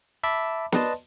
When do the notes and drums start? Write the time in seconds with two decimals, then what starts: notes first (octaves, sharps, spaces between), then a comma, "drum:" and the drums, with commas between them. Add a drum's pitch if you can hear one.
0.24 E5 A5 B5 D6
0.72 B4 D5 D#5 A5 C6, drum: snare